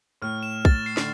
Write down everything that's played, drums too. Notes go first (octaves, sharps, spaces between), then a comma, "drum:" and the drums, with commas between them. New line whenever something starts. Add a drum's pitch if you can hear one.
A2 F6
E7
A6, drum: kick
C7
D3, drum: snare